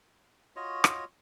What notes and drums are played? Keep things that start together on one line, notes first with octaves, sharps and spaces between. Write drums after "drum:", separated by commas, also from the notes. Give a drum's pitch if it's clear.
F4 F#4 C#5 D#5
drum: rim click